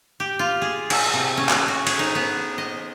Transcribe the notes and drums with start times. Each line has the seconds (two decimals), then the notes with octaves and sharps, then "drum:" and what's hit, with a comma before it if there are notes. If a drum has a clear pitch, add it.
0.20 G4
0.39 F4
0.62 G#4
0.90 E4, drum: cymbal
1.13 C3
1.37 C#4
1.49 drum: clap
1.68 F#4
1.87 G#4, drum: cymbal
1.99 D#4
2.15 B3
2.58 D#5